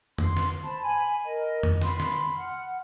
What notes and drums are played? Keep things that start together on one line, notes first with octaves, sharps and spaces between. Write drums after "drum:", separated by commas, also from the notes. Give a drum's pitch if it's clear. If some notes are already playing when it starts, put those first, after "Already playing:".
C6, drum: tom F2
drum: snare
C5 A5 B5
G#5 B5
A#4 D#5
drum: tom F2
B5 C6, drum: snare
drum: snare
F#5 F6